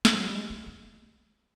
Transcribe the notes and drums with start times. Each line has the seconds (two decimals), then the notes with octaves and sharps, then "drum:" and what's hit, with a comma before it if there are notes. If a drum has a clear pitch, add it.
0.05 E3, drum: snare
0.12 F3
0.19 F#3
0.27 G3
0.34 G#3
0.50 A3
0.67 A#3